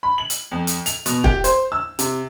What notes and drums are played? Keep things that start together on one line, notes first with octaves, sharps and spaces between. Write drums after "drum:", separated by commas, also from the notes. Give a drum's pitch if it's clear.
B5
F#7
drum: hi-hat
F2
drum: hi-hat
F7, drum: hi-hat
B2, drum: hi-hat
G4, drum: kick
C5, drum: hi-hat
E6
C3, drum: hi-hat